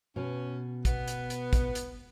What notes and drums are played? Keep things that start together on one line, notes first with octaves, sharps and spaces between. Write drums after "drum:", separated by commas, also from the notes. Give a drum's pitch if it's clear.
B2 C#4
B3, drum: kick, hi-hat
drum: hi-hat
drum: hi-hat
drum: kick, hi-hat
drum: hi-hat